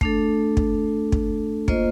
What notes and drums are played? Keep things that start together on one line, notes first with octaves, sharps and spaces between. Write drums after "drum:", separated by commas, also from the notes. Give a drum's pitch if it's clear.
A3 D4 A4, drum: kick
drum: kick
drum: kick
A#3 F4 C5 D#5, drum: kick